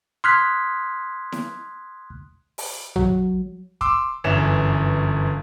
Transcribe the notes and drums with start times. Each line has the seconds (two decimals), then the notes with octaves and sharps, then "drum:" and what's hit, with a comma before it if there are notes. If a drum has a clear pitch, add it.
0.24 C6 D#6 F6 F#6 G#6 B6
1.32 drum: snare E4
2.58 drum: open hi-hat
2.96 F#3, drum: tom A#1
3.81 C6 D6 E6, drum: kick
4.24 G1 F#2 E3 C#4 E7